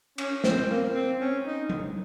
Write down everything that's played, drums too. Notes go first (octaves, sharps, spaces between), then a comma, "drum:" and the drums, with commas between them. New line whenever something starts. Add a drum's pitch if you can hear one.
C#4, drum: cymbal
C4, drum: snare
A#3
C4
C#4
D#4
drum: tom F#3